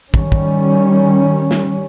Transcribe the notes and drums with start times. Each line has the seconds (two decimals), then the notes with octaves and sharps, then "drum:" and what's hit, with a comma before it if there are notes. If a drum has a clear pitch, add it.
0.14 D#3 G3 C#4, drum: kick
0.32 drum: kick
1.51 drum: snare